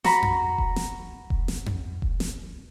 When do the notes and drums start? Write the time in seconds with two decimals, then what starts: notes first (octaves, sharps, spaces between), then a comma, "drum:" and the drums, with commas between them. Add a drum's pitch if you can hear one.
0.04 F#4 A#5 B5, drum: snare
0.22 drum: tom F2
0.58 drum: kick E1
0.76 drum: snare
1.30 drum: kick E1
1.48 drum: snare
1.66 drum: tom F2
2.02 drum: kick E1
2.20 drum: snare